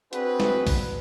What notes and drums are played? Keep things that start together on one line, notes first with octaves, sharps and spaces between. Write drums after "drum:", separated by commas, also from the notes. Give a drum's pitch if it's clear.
C4 D4 F#4 G#4 B4, drum: hi-hat
drum: snare
drum: kick B1, open hi-hat